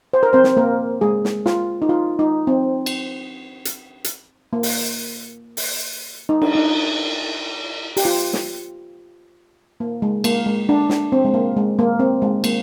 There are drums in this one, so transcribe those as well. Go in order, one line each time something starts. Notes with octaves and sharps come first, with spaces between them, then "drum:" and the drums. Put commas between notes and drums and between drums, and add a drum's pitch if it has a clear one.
C5
A#4
C4 C5
drum: snare
A#3 A#4
G#3 G#4
drum: snare
F4, drum: snare
D#4
F4
D#4
C4
drum: cymbal
drum: hi-hat
drum: hi-hat
A#3
drum: open hi-hat
drum: open hi-hat
D#4
D4, drum: cymbal
D#4
G4, drum: open hi-hat
F4
drum: snare
A#3
G#3
A#3, drum: cymbal
G#3
D4
D4, drum: snare
C4
G#3
A#3
G#3
A#3
C4
G#3
A#3, drum: cymbal